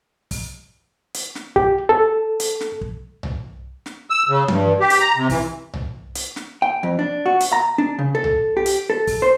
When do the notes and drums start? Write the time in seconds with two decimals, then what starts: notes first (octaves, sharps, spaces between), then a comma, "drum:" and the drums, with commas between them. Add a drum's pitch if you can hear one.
0.31 drum: kick, open hi-hat
1.14 drum: hi-hat
1.35 drum: snare
1.56 G4, drum: kick
1.89 A4
2.40 drum: hi-hat
2.61 drum: snare
2.81 drum: kick
3.23 drum: tom C2
3.86 drum: snare
4.10 E6
4.29 C#3
4.48 G2, drum: tom E3
4.80 G4
4.90 drum: hi-hat
5.00 A#5
5.16 C3
5.30 E3, drum: kick, open hi-hat
5.74 drum: tom C2
6.15 drum: hi-hat
6.36 drum: snare
6.62 G5
6.83 F2
6.99 D4
7.26 F#4
7.40 drum: hi-hat
7.53 A#5
7.78 D4
7.99 C#3
8.15 A4
8.24 drum: tom C2
8.57 G4
8.66 drum: hi-hat
8.90 A4
9.07 drum: kick, open hi-hat
9.22 C5